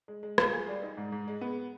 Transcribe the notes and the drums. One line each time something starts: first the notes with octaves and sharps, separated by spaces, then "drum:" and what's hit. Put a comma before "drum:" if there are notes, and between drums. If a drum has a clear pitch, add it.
G#3
G#3
F4, drum: rim click
G#4
G3
D#4
G#2
G#2
G#3
B3